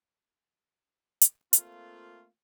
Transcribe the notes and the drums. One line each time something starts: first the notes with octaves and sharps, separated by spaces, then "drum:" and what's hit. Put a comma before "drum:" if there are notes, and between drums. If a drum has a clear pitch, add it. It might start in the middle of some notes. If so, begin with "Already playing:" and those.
drum: hi-hat
A3 A#3 C4 F4, drum: hi-hat